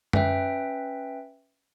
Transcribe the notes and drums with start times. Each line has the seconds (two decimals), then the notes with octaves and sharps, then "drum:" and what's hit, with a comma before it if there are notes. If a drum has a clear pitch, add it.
0.13 C#4 B4 E5 G5, drum: tom F#2